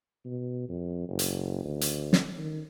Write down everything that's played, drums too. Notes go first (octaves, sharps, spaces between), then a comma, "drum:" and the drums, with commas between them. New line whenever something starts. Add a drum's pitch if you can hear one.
B2
F2
F#1
drum: hi-hat
D2
drum: hi-hat
drum: snare
D#3